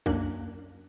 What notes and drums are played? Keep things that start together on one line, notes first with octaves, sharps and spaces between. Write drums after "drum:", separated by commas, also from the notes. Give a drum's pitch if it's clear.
F#2 A#3 D4 F#6, drum: kick